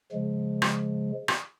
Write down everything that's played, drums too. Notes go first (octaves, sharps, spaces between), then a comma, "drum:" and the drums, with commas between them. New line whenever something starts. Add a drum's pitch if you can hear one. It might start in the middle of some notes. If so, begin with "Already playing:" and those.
C#3 F3 G#3
drum: rim click
drum: rim click